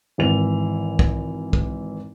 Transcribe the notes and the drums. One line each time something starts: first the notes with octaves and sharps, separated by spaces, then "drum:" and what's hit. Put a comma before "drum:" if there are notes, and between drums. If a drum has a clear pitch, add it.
G#1 E3 F7
drum: kick
drum: kick